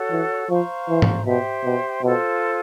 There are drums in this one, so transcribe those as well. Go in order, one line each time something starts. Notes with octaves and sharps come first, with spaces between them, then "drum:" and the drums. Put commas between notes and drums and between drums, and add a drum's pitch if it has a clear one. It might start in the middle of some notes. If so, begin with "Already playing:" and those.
Already playing: F#4 A4 C#5 F#5
E3
F3 C5 F5 A#5 C#6
E3
drum: tom G#2
B2 G4 C5 E5 G5
B2
B2 F4 A4 C5